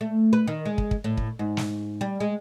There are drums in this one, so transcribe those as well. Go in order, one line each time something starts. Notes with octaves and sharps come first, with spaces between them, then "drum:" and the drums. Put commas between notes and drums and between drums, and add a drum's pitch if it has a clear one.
A3
B4
D#3
G#3
drum: kick
drum: kick
A2
drum: kick
G#2
drum: snare
G3
G#3